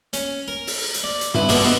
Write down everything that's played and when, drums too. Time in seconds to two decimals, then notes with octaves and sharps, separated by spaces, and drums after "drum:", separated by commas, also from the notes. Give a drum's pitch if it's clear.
0.13 C#4, drum: hi-hat
0.48 A#4
0.67 drum: open hi-hat
0.94 drum: hi-hat
1.04 D5
1.21 drum: hi-hat
1.34 C2 E4 B4, drum: tom G2
1.49 B2 D3 A#3 B3 D4 G#4, drum: open hi-hat
1.64 B3 C4 D#4